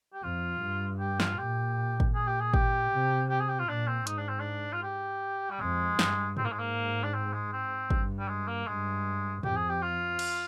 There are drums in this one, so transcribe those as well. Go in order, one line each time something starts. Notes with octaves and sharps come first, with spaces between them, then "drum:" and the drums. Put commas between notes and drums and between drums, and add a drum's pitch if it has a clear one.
G4
F2 F4
G2
G4
F4, drum: snare
A#2 G4
drum: kick G#1
A#2 G#4
G4
G#4
G4, drum: kick G#1
C3
G4
G#4
G4
F4
A#2 D4
C4
G#2 D#4, drum: hi-hat
D4
C4
D4
F4
G4
G3
F2 G#3
G2, drum: snare
G#2 C4, drum: tom G#2
A#3
G#3
A#3
D4
C4
G#3
C4
G2, drum: kick G#1
G3
G#3
A#3
G2 G#3
F2 G4, drum: tom G#2
G#4
G4
F4
drum: cymbal